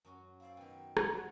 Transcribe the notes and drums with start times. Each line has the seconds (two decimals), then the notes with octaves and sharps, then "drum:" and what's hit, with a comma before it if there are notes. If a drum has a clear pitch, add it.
0.05 F#2 C#4 F#4
0.40 E4 C5 D5 F5
0.57 B2 D#3 G5
0.97 drum: rim click
1.12 F#4 C5 C#5